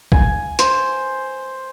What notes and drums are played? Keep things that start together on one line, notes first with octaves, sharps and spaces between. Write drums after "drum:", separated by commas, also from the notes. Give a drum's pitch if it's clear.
G#5, drum: kick
C5, drum: hi-hat